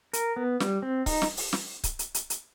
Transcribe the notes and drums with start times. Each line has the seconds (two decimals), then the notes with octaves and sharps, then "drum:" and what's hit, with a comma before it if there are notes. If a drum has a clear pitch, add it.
0.13 A#4, drum: hi-hat
0.36 B3
0.60 G3, drum: snare
0.82 C4
1.06 D#4, drum: kick C#1, open hi-hat
1.22 drum: snare
1.37 drum: open hi-hat
1.53 drum: snare
1.84 drum: kick C#1, hi-hat
1.99 drum: hi-hat
2.14 drum: hi-hat
2.30 drum: hi-hat